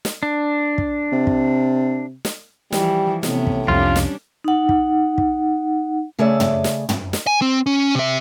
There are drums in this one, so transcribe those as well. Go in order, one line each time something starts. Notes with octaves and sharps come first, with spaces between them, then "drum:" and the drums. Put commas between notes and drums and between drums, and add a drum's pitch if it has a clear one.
drum: snare
D4
drum: kick
C3
drum: kick
drum: snare
E3 F3 G3, drum: snare
A2 C3 B3 C#4, drum: snare
drum: kick
C2 F2 G3 C#4 D4 F4
drum: snare
D#4 F#5
drum: kick
drum: kick
C#3 A3 G#4 C#5 D5 E5
drum: tom
drum: snare
drum: tom
drum: snare
G#5
C4
C#4
C3 E5